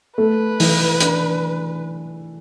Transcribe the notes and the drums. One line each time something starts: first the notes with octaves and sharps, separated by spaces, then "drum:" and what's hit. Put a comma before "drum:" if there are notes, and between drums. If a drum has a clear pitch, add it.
A3 B4
E3, drum: open hi-hat
D4, drum: hi-hat